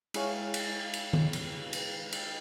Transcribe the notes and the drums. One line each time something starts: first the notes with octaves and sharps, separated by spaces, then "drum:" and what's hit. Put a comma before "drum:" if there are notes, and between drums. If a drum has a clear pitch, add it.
G#3 E4 G#4 C#5 F5, drum: cymbal
drum: cymbal
drum: cymbal
drum: tom D#3
drum: cymbal
drum: cymbal
drum: cymbal